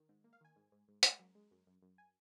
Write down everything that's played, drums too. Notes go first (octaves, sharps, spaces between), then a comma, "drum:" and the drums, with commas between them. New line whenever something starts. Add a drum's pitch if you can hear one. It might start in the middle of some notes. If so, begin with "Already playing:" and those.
Already playing: D#3
G#2
A#3
F5
D#3 G#5
G#2
G#2
G#2
G#3 A#5, drum: hi-hat
F#2
G#3
F#2
F#2
F#2
G#5